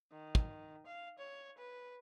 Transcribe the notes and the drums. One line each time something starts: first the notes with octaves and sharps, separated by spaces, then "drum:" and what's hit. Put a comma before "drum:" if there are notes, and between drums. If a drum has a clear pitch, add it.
D#3
drum: kick
F5
C#5
B4